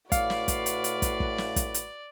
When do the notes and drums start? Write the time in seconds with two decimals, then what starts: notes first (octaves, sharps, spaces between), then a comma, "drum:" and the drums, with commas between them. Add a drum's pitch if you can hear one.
0.12 A2 F#4 B4 D5 F5, drum: kick, hi-hat
0.30 drum: snare
0.48 drum: kick, hi-hat
0.66 drum: hi-hat
0.84 drum: hi-hat
1.02 drum: kick, hi-hat
1.20 drum: kick
1.38 drum: snare
1.56 drum: kick, hi-hat
1.74 drum: hi-hat